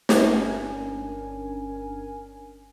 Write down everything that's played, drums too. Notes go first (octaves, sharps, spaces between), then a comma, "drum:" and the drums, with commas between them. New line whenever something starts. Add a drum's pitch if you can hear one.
G1 C#4 D4 A#4 G#5, drum: snare